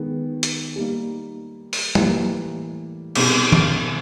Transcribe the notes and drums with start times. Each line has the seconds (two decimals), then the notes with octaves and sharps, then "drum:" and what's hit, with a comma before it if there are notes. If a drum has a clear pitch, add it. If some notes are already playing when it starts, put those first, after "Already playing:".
Already playing: D#3 G#3 B3
0.43 drum: hi-hat
0.76 G3 A#3 D#4
1.73 drum: open hi-hat
1.95 A2 E3 G3 A#3, drum: tom F#3
3.15 B2 G3 C4 D#4 G#4, drum: cymbal
3.52 drum: tom